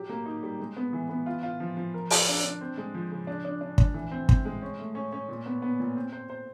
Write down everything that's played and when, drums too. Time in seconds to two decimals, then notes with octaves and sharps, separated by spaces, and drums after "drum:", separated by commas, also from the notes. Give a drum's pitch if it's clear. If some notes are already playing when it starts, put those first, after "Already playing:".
Already playing: F#3 G4
0.09 A#3
0.26 D#4
0.43 G3
0.60 G#3
0.77 B3
0.93 E3
1.09 B3
1.26 F4
1.43 F4
1.60 F3
1.77 F3
1.94 A#4
2.10 F4, drum: open hi-hat
2.28 D4
2.44 D4
2.61 C4
2.78 G#3
2.94 F3
3.11 C#3
3.27 D4
3.45 D4
3.61 D4
3.78 D4, drum: kick
3.94 E3
4.11 C4
4.29 C4, drum: kick
4.45 G#3
4.62 C#4
4.78 A3
4.95 C#4
5.12 C#4
5.29 A#2
5.46 B3
5.62 B3
5.80 A#2
5.96 C4
6.13 C5
6.30 C5